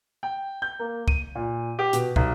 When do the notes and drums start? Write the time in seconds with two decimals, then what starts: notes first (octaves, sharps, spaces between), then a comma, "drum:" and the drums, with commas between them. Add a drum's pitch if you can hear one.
0.23 G5
0.62 G6
0.79 A#3
1.08 D#7, drum: kick
1.35 A#2
1.79 G4
1.93 B2, drum: hi-hat
2.16 B1, drum: kick